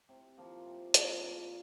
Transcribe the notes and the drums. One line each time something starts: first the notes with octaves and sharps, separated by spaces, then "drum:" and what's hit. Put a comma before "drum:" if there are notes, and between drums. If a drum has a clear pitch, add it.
C3
F3 A#3
C3
F3 A#3, drum: hi-hat
A#2